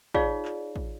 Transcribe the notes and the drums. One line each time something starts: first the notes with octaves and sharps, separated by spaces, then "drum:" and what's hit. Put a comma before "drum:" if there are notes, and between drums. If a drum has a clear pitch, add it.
D#4 F4 G#4 C#5 D5 F5, drum: kick
drum: clap
drum: kick